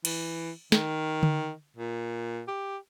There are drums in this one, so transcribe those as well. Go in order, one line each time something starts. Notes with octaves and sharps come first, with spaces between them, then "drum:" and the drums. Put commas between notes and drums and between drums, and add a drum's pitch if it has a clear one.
E3, drum: cymbal
D#3, drum: snare
drum: tom D3
A#2
G4